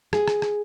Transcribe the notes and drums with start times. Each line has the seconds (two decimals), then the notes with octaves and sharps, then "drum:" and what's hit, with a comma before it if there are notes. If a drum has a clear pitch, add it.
0.13 G#4, drum: rim click
0.28 drum: rim click
0.42 drum: rim click